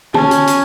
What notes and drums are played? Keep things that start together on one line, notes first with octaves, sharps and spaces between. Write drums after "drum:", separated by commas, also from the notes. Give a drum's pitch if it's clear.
C#4 A5, drum: tom
drum: hi-hat
drum: hi-hat